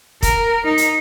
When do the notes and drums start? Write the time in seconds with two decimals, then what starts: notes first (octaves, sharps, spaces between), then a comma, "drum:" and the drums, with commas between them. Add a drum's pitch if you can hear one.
0.23 A#4, drum: kick, hi-hat
0.64 D#4
0.78 drum: hi-hat